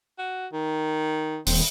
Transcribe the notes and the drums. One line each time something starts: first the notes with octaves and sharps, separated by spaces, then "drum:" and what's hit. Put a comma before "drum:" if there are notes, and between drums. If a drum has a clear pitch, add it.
F#4
D#3
D#1 C4, drum: open hi-hat